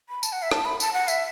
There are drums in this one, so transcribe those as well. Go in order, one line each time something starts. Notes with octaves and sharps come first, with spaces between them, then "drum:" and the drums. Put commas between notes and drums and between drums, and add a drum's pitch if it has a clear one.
B5
A5, drum: tambourine
F#5
E5
A5, drum: rim click
B5
A5, drum: tambourine
F#5
E5, drum: tambourine